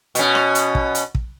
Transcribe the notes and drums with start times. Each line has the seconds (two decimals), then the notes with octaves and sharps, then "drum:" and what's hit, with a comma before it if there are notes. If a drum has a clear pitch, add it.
0.15 B2 C#4, drum: hi-hat
0.35 drum: rim click
0.55 drum: hi-hat
0.75 drum: kick
0.95 drum: hi-hat
1.15 drum: kick